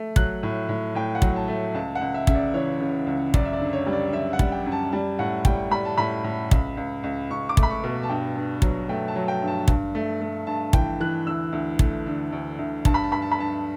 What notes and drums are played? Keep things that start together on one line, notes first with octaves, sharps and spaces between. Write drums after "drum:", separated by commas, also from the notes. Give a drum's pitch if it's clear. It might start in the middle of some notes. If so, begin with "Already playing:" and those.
Already playing: A3
F#3 F#6, drum: kick
A2
A2
A2 G5
F#5
F#3, drum: kick
A5
A3
C#2 A5
F#5
C#2
E5
C#3 E5, drum: kick
D5
E3 C#5
C#3
C#2
F#2 D5, drum: kick
E5
D5
D3
C#5
G3
D5
F#2 E5
F#5
G3, drum: kick
G5
F#2
A5
G3 A5
A2 F#5
G3 G5, drum: kick
G3 B5
A5
A2 B5
A2
C#2, drum: kick
C#2
C#2
C#2 C#6
D6
A3, drum: kick
B5
C#6
B2
A5
G2 G5
G2
F#3, drum: kick
A3 G5
A5
F#3
G5
G2
A5
G2, drum: kick
A3
A3
G2 A5
E3 G5, drum: kick
E3 F#6
D2 E6
D2
A3, drum: kick
D3
D2
D2
G2 A5, drum: kick
B5
A5
G2 B5
A5
B5
G2 A5